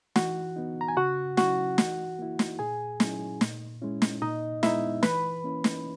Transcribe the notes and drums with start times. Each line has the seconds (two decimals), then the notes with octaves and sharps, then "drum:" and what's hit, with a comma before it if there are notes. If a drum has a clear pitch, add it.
0.16 E3 F#4 F#5, drum: snare
0.56 B3 D#4
0.81 A#5
0.88 G#5
0.97 C#3 F#4 F#5
1.37 F#3 C#4 E4 F#4 F#5, drum: snare
1.78 E3, drum: snare
2.19 A#3 E4
2.39 drum: snare
2.59 A#2 G#4 G#5
3.00 F#3 C#4 E4, drum: snare
3.41 A#2, drum: snare
3.82 G#3 C#4 E4
4.02 drum: snare
4.22 A#2 D#4 D#5
4.63 G#3 B3 D#4 E4 E5, drum: snare
5.03 E3 B4 B5, drum: snare
5.44 A#3 C#4 E4
5.64 drum: snare